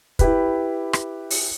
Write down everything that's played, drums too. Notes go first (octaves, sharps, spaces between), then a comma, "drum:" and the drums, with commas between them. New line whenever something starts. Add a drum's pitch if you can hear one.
E4 G4 B4, drum: kick, hi-hat
drum: rim click
drum: open hi-hat